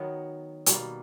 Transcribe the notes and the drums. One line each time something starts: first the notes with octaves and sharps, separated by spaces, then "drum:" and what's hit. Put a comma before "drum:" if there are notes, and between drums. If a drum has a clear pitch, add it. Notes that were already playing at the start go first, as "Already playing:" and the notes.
Already playing: D#3 F#3 B3
B2 G3 A#3, drum: hi-hat